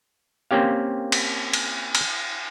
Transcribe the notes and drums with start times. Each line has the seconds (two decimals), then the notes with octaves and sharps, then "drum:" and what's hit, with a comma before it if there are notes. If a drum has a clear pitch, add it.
0.51 A#3 C4 C#4 G4 F5
1.12 drum: cymbal
1.53 drum: cymbal
1.95 drum: cymbal